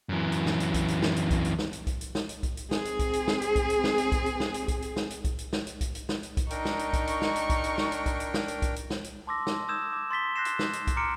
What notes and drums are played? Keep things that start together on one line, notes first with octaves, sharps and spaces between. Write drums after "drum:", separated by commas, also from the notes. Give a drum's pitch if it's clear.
F#2 E3
drum: hi-hat
drum: snare
drum: hi-hat
drum: kick C2, hi-hat
drum: hi-hat
drum: snare
drum: hi-hat
drum: kick C2, hi-hat
drum: hi-hat
drum: snare
drum: hi-hat
drum: kick C2, hi-hat
drum: hi-hat
drum: snare
drum: hi-hat
drum: kick C2, hi-hat
drum: hi-hat
C4 G#4, drum: snare
drum: hi-hat
drum: kick C2, hi-hat
drum: hi-hat
drum: snare
drum: hi-hat
drum: kick C2, hi-hat
drum: hi-hat
drum: snare
drum: hi-hat
drum: kick C2, hi-hat
drum: hi-hat
drum: snare
drum: hi-hat
drum: kick C2, hi-hat
drum: hi-hat
drum: snare
drum: hi-hat
drum: kick C2, hi-hat
drum: hi-hat
drum: snare
drum: hi-hat
drum: kick C2, hi-hat
drum: hi-hat
drum: snare
drum: hi-hat
drum: kick C2, hi-hat
D4 D#4 A#4 G5 C#6, drum: hi-hat
drum: snare
drum: hi-hat
drum: kick C2, hi-hat
drum: hi-hat
drum: snare
drum: hi-hat
drum: kick C2, hi-hat
drum: hi-hat
drum: snare
drum: hi-hat
drum: kick C2, hi-hat
drum: hi-hat
drum: snare
drum: hi-hat
drum: kick C2, hi-hat
drum: hi-hat
drum: snare
drum: hi-hat
A5 C6 D6 E6 A#6
drum: snare
D#6 E6 G6 G#6 E7
D6
C6 A6 B6 G7
F#6 G6 A#6 C7 E7
drum: hi-hat
drum: snare
drum: hi-hat
drum: kick C2, hi-hat
A#5 C6 D6 F6 C#7 D7